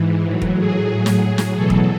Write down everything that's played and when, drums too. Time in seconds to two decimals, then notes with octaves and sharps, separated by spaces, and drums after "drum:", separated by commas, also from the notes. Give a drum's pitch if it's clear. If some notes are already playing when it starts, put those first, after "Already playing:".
Already playing: G#2 E3
0.26 A2 F#3
0.42 drum: kick
0.58 G#4
0.90 A2 F#3
1.06 drum: snare
1.38 drum: snare
1.54 E2 B2 F#3 A4
1.70 drum: kick